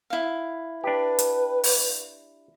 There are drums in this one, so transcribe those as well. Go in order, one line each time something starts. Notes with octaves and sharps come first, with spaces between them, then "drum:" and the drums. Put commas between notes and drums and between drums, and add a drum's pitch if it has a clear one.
E4 F5
D4 G4 B4
drum: hi-hat
drum: open hi-hat